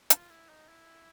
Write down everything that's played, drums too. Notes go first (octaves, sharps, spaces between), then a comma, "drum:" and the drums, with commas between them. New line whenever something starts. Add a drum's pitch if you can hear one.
F4, drum: hi-hat
E4
D#4
E4